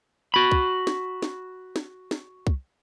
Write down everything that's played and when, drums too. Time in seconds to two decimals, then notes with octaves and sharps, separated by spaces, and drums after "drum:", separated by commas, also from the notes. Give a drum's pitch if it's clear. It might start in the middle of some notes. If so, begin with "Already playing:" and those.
0.34 F#4 B5
0.52 drum: kick
0.87 drum: snare
1.22 drum: snare
1.76 drum: snare
2.11 drum: snare
2.47 drum: kick